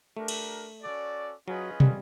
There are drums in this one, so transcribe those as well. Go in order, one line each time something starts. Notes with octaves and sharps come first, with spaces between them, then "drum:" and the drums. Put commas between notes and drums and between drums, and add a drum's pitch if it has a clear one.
A3 D4 G4 A#4
drum: cymbal
C#4 F#4 A4 D5
F#3 C#4 F4 G#4 B4 D#5
G3, drum: tom